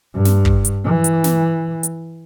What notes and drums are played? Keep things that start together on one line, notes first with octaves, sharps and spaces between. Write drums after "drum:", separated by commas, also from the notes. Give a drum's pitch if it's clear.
G2
drum: snare
drum: kick
drum: hi-hat
E3
drum: hi-hat
drum: snare
drum: hi-hat